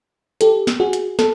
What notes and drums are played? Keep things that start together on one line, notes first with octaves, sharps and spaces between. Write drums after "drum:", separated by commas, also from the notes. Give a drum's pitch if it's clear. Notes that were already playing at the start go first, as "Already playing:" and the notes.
G4 A4, drum: hi-hat
drum: snare
F#4 G#4
drum: hi-hat
A4, drum: snare